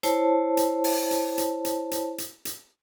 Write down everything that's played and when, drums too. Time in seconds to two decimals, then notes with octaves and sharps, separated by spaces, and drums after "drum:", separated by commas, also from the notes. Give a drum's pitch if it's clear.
0.03 E4 C5 C#5 A5, drum: hi-hat
0.57 drum: hi-hat
0.84 drum: open hi-hat
1.11 drum: hi-hat
1.38 drum: hi-hat
1.65 drum: hi-hat
1.91 drum: hi-hat
2.18 drum: hi-hat
2.45 drum: hi-hat